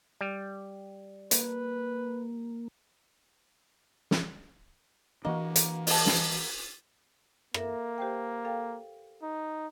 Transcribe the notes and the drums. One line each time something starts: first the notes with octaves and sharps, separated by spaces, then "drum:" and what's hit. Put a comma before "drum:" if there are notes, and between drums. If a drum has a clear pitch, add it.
G3
A#3 B4, drum: hi-hat
drum: snare
E3 A#3 D4 F#4 D#5
drum: hi-hat
D#5 A5, drum: open hi-hat
drum: snare
A#3 A4 A#4 E5, drum: rim click
G4 C5 G5
A4 F5 G5
D#4